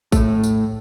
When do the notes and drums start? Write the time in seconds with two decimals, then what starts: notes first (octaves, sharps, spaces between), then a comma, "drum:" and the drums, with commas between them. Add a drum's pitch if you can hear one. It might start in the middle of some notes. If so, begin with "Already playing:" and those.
0.12 A2 A3, drum: kick, tambourine
0.44 drum: tambourine